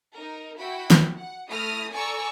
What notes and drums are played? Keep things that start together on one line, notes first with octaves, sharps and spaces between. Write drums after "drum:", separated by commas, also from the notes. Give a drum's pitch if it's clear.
D#4 A#4
E4 F#4 G5 B5
drum: snare
F#5
A3 E4 D#6 F6 A#6
A4 D5 G#5 A#5 C#6 E6